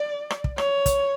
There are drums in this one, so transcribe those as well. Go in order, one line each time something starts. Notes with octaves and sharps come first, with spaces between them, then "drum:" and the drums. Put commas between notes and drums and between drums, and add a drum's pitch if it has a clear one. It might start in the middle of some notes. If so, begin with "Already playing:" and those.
Already playing: D5
drum: rim click
drum: kick
C#5, drum: rim click
drum: kick, hi-hat